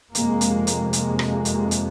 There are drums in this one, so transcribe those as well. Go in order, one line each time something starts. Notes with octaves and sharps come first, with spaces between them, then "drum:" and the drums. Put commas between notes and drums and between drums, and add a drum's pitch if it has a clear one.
F2 C3 G#3 A#3, drum: hi-hat
drum: hi-hat
drum: hi-hat
G#3 A#3, drum: hi-hat
drum: rim click
drum: hi-hat
drum: hi-hat